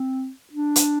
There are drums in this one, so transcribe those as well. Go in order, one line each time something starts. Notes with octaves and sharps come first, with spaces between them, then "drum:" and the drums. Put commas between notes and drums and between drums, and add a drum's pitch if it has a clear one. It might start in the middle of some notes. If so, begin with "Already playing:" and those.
Already playing: C4
D4
drum: hi-hat